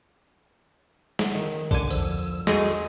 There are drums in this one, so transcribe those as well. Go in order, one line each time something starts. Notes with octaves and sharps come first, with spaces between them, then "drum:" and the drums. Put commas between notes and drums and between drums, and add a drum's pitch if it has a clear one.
drum: snare
D#3
D3 G#5 D6, drum: kick
E2 F3 E6, drum: hi-hat
G#3 D#4 F#4 G#4 A4 D#5, drum: snare